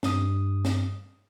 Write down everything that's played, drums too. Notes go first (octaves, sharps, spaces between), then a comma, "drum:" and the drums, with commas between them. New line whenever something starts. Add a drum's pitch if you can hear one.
G2 D#6, drum: snare
drum: snare